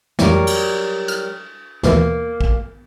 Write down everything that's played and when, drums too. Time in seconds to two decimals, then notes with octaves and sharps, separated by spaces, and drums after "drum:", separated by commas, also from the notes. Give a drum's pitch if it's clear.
0.19 F2 E3 F#3 G3 A#4, drum: snare
0.47 drum: cymbal
1.08 F6, drum: hi-hat
1.83 D#2 B2 E3 A#3, drum: snare
2.41 drum: kick